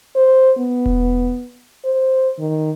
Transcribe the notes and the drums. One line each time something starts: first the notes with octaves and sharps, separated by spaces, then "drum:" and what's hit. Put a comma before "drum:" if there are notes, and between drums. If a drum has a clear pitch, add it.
C5
B3
drum: kick E1
C5
D#3